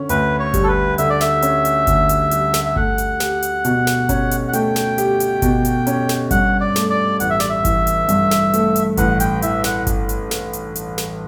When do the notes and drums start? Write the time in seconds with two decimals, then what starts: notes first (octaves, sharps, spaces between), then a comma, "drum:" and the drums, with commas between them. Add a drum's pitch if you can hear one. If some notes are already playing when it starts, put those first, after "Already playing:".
Already playing: D3 C#4
0.09 D2 B4, drum: hi-hat
0.39 C#5
0.54 G3, drum: kick G1, hi-hat
0.63 A4
0.68 B4
0.98 D3 E5, drum: hi-hat
1.10 D5
1.21 E5, drum: snare
1.42 C#4, drum: hi-hat
1.65 drum: hi-hat
1.87 D2, drum: kick G1, hi-hat
2.09 drum: hi-hat
2.31 G3, drum: hi-hat
2.54 drum: snare
2.65 E5
2.76 A3 F#5, drum: kick G1
2.98 drum: hi-hat
3.20 G4, drum: snare
3.43 drum: hi-hat
3.65 B2, drum: hi-hat
3.87 drum: snare
4.09 C#4, drum: kick G1, hi-hat
4.31 drum: hi-hat
4.48 F#5
4.53 A3 G5, drum: hi-hat
4.76 drum: snare
4.98 G4, drum: hi-hat
5.20 drum: hi-hat
5.42 B2, drum: kick G1, hi-hat
5.65 drum: hi-hat
5.87 C#4, drum: hi-hat
6.09 drum: snare
6.31 G2 F#5, drum: kick G1, hi-hat
6.61 D5
6.76 A3, drum: snare
6.90 D5
7.20 A1 F#5, drum: hi-hat
7.30 E5
7.40 D5, drum: snare
7.49 E5
7.65 E3, drum: kick G1, hi-hat
7.87 drum: hi-hat
8.09 G2, drum: hi-hat
8.31 drum: snare
8.53 A3, drum: hi-hat
8.76 drum: hi-hat
8.97 A1 F#5, drum: kick G1, hi-hat
9.20 G5, drum: hi-hat
9.42 E3 E5, drum: hi-hat
9.64 F#5, drum: snare
9.87 drum: kick G1, hi-hat
10.09 drum: hi-hat
10.31 drum: snare
10.53 drum: hi-hat
10.76 drum: hi-hat
10.98 drum: snare